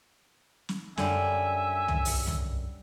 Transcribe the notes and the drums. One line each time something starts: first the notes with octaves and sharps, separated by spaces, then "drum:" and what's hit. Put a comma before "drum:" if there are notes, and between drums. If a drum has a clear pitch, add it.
drum: snare
F#2 D3 G3 E5 G#5, drum: snare
drum: tom
drum: open hi-hat
drum: tom